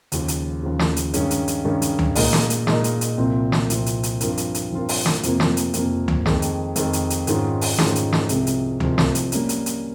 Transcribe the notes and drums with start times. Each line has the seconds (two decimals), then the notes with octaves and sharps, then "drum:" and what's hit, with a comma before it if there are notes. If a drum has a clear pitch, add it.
0.12 D#2 C#3 F3, drum: hi-hat
0.28 drum: hi-hat
0.62 D#2 C#3 F3
0.79 drum: snare
0.96 drum: hi-hat
1.14 G2 D#3 G#3 C#4, drum: hi-hat
1.31 drum: hi-hat
1.48 drum: hi-hat
1.64 G2 D#3 G#3 C#4
1.82 drum: hi-hat
1.99 drum: tom C#2
2.15 A#2 G#3 D#4 A#4 D#5, drum: open hi-hat
2.33 drum: snare
2.50 drum: hi-hat
2.67 A#2 G#3 D#4 A#4 D#5, drum: snare
2.84 drum: hi-hat
3.01 drum: hi-hat
3.18 C2 A#2 F3 C4
3.52 drum: snare
3.70 C2 A#2 F3 C4, drum: hi-hat
3.86 drum: hi-hat
4.03 drum: hi-hat
4.21 G2 F3 C4 F4 A#4, drum: hi-hat
4.37 drum: hi-hat
4.54 drum: hi-hat
4.71 G2 F3 C4 F4 A#4
4.89 drum: open hi-hat
5.06 drum: snare
5.23 F2 C3 F3 A#3, drum: hi-hat
5.40 drum: snare
5.57 drum: hi-hat
5.73 F2 C3 F3 A#3, drum: hi-hat
6.08 drum: tom C#2
6.26 F2 D#3 G#3, drum: snare
6.42 drum: hi-hat
6.76 F2 D#3 G#3, drum: hi-hat
6.93 drum: hi-hat
7.10 drum: hi-hat
7.27 G#2 D#3 G#3 C#4 F4, drum: hi-hat
7.61 drum: open hi-hat
7.78 G#2 D#3 G#3 C#4 F4, drum: snare
7.95 drum: hi-hat
8.13 drum: snare
8.29 C2 C3 F3 G#3, drum: hi-hat
8.47 drum: hi-hat
8.80 C2 C3 F3 G#3, drum: tom C#2
8.98 drum: snare
9.15 drum: hi-hat
9.32 G3 A#3 C#4, drum: hi-hat
9.49 drum: hi-hat
9.66 drum: hi-hat